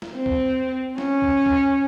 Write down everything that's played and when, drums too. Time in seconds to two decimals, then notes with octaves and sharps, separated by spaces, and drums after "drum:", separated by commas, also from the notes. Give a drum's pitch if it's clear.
0.02 drum: snare
0.16 C4
0.26 drum: kick C#2
0.98 C#4, drum: snare
1.22 drum: kick C#2
1.46 drum: kick C#2